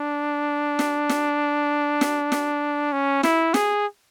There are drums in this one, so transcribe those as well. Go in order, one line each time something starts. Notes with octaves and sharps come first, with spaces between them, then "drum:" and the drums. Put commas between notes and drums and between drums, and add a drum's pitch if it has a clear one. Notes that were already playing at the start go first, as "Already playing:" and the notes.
Already playing: D4
drum: snare
drum: snare
drum: snare
drum: snare
C#4
E4, drum: snare
G#4, drum: snare